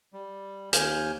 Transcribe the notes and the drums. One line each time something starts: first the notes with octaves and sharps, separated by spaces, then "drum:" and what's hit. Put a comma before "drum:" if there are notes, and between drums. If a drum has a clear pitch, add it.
G3
D#2 G#5 F6 G6, drum: hi-hat